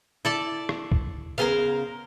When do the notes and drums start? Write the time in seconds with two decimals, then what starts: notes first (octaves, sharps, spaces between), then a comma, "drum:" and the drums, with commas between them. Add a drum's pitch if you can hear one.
0.25 E4 A4 D5 A5
0.69 drum: rim click
0.92 drum: kick C2
1.38 C#3 B3 G#4 A#4 C5 F5